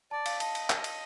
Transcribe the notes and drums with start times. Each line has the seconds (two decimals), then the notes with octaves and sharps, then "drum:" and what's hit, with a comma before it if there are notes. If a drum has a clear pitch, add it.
0.11 D5 A5
0.26 F5, drum: cymbal
0.40 D#5 A5, drum: cymbal
0.55 drum: cymbal
0.70 drum: clap
0.84 drum: cymbal